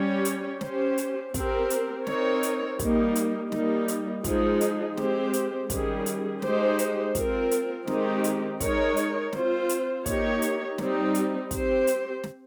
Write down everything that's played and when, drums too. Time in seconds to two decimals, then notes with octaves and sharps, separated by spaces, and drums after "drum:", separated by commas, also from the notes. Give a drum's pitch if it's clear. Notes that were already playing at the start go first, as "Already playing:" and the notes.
Already playing: G3 C#4 G4 C#5
0.25 drum: hi-hat
0.61 C#4 G4 C5, drum: snare
0.98 drum: hi-hat
1.34 C4 G4 A#4, drum: kick, hi-hat
1.70 drum: hi-hat
2.07 C4 D#4 A#4 C#5, drum: snare
2.43 drum: hi-hat
2.79 G3 A#3 D#4, drum: kick, hi-hat
3.15 drum: hi-hat
3.52 G3 A#3 D#4, drum: snare
3.88 drum: hi-hat
4.24 F3 G#3 D#4 G#4, drum: kick, hi-hat
4.61 drum: hi-hat
4.97 G#3 C4 G4 C5, drum: snare
5.33 drum: hi-hat
5.70 D#3 G3 C#4 G#4, drum: kick, hi-hat
6.06 drum: hi-hat
6.42 G#3 D#4 G4 C5, drum: snare
6.79 drum: hi-hat
7.15 C4 F4 A#4, drum: kick, hi-hat
7.51 drum: hi-hat
7.87 D#3 G#3 C4 D#4 G4, drum: snare
8.24 drum: hi-hat
8.60 G#3 D#4 A#4 C#5, drum: kick, hi-hat
8.97 drum: hi-hat
9.33 C4 F4 C5, drum: snare
9.69 drum: hi-hat
10.06 A#3 D#4 G4 C#5, drum: kick, hi-hat
10.42 drum: hi-hat
10.78 G3 C4 D#4 G4, drum: snare
11.15 drum: hi-hat
11.51 C4 G4 C5, drum: kick, hi-hat
11.87 drum: hi-hat
12.23 drum: snare